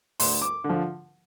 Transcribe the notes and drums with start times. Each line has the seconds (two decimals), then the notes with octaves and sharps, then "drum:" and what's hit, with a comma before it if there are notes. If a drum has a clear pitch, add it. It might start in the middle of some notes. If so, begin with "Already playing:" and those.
0.20 D2 C6, drum: open hi-hat
0.42 D6
0.64 D3
0.69 F3